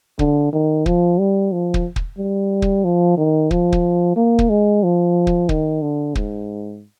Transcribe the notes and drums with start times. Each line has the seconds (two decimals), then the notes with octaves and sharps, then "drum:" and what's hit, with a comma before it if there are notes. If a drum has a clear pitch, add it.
0.19 D3, drum: kick
0.53 D#3
0.86 F3, drum: kick
1.19 G3
1.52 F3
1.74 drum: kick
1.96 drum: kick
2.18 G3
2.62 drum: kick
2.84 F3
3.17 D#3
3.51 F3, drum: kick
3.72 drum: kick
4.16 A#3
4.39 drum: kick
4.50 G#3
4.83 F3
5.27 drum: kick
5.49 D#3, drum: kick
5.82 D3
6.15 G#2, drum: kick